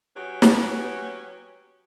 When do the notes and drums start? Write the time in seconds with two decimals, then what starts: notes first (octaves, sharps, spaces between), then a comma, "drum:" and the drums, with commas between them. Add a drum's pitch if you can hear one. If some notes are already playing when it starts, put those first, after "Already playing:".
0.16 F#3 B3 C#4 G4 B4
0.42 drum: snare